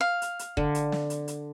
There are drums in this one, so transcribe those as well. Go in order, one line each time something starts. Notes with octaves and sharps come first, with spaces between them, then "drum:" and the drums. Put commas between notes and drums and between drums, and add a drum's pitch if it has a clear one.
F5
drum: hi-hat
drum: hi-hat
D3, drum: kick
drum: hi-hat
drum: snare
drum: hi-hat
drum: hi-hat